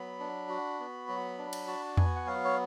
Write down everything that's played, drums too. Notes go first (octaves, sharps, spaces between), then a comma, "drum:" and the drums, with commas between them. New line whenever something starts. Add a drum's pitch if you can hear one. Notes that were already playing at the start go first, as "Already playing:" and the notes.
Already playing: F#3 B3 B5
D4
F#4
B3
F#3
D4
drum: cymbal
F#4 A5
B3 G#5, drum: tom E2
F#5
F#3 F5
C#5